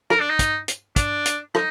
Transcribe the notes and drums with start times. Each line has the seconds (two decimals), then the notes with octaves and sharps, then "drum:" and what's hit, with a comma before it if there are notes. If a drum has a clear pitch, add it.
0.10 A#4, drum: rim click
0.20 D4
0.30 D#4
0.39 drum: kick, hi-hat
0.68 drum: hi-hat
0.96 D4, drum: kick, hi-hat
1.26 drum: hi-hat
1.55 D#4, drum: rim click